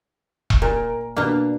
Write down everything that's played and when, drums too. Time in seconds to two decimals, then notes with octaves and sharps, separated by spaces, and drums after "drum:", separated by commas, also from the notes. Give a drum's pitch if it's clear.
0.50 drum: kick E1
0.62 A#2 A#4
1.17 B2 A#3 D4